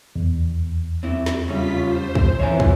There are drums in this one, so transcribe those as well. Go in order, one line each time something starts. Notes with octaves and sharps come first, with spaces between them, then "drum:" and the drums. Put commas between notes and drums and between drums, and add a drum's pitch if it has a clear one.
E2
C4 E4
drum: snare
C#3 G3 F4 B6
C5
drum: kick
F2 E3 C#5 E5 G#5
drum: kick